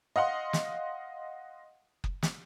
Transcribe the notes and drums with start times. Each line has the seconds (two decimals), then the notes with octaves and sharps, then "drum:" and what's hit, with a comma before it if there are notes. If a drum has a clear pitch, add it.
0.16 D#5 F5 F#5 C6
0.53 drum: snare
2.04 drum: kick F#1
2.23 drum: snare